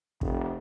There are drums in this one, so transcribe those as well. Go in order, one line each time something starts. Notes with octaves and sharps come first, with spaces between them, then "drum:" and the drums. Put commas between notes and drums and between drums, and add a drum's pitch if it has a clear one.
F1, drum: kick